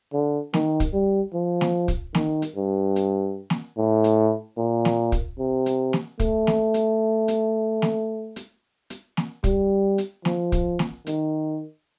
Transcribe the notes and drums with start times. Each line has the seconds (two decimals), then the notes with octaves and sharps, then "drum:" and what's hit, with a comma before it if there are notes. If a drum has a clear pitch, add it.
0.13 D3
0.54 D#3, drum: snare
0.80 drum: kick, hi-hat
0.93 G3
1.33 F3
1.61 drum: snare
1.88 drum: kick, hi-hat
2.15 D#3, drum: snare
2.42 drum: hi-hat
2.56 G2
2.96 drum: hi-hat
3.50 drum: snare
3.78 A2
4.04 drum: hi-hat
4.58 A#2
4.85 drum: snare
5.12 drum: kick, hi-hat
5.39 C3
5.66 drum: hi-hat
5.93 drum: snare
6.20 A3, drum: kick, hi-hat
6.47 drum: snare
6.74 drum: hi-hat
7.28 drum: hi-hat
7.82 drum: snare
8.36 drum: hi-hat
8.90 drum: hi-hat
9.17 drum: snare
9.44 G3, drum: kick, hi-hat
9.98 drum: hi-hat
10.25 F3, drum: snare
10.52 drum: kick, hi-hat
10.79 drum: snare
11.07 D#3, drum: hi-hat